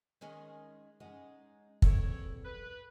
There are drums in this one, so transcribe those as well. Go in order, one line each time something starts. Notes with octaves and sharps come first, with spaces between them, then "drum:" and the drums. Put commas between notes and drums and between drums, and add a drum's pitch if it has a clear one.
D#3 G#3 C#4
G#3 C#4 D#4 F#5
E2 A#2 F#3 C4 E4 A4 C#5, drum: kick
B4